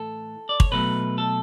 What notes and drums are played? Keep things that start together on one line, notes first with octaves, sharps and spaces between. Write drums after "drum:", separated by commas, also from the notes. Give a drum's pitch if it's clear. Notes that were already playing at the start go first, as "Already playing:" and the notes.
Already playing: A2 E3 A3 A4
D5
C#5, drum: kick
B2 F#3 A3 B4
A4